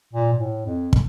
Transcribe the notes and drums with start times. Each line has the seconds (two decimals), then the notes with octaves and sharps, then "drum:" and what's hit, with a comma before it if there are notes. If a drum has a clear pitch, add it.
0.13 A#2
0.33 A#2
0.40 A2
0.66 F2
0.93 drum: kick